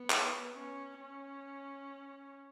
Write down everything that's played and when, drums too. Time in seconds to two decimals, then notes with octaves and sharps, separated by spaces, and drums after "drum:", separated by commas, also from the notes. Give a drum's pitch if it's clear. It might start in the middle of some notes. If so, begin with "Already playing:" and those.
Already playing: B3
0.10 drum: clap
0.54 C#4
1.00 C#4